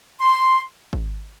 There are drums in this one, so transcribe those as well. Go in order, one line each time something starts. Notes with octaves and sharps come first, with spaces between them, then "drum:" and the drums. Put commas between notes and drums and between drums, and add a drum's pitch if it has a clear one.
C6
drum: kick G#1